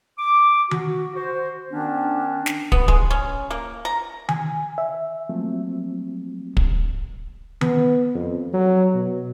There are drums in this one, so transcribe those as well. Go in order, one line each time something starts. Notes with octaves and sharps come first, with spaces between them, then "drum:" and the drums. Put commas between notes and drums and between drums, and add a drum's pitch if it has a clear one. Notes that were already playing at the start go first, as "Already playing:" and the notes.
D6
F#4, drum: tom D#3
F#4 C5
D#3 B3 C#4 D4
drum: snare
B3, drum: kick
G#3, drum: kick
C#4
A#3
A#5
G#5, drum: tom D#3
E5
F3 F#3 A3 A#3 C4
drum: kick
B3, drum: tom D#3
F2
F#3
B2